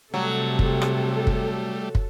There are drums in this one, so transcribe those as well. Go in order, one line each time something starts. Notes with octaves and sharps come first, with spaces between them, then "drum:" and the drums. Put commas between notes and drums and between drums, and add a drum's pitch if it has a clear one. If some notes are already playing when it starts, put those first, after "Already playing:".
C3 F#3 G3 A3 A4
drum: kick
drum: rim click
drum: kick
drum: kick